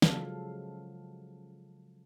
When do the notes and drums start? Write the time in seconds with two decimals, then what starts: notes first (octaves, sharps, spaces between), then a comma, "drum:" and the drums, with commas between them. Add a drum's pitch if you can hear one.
0.02 C#3 F3 F#3 G#3 A4 F5, drum: snare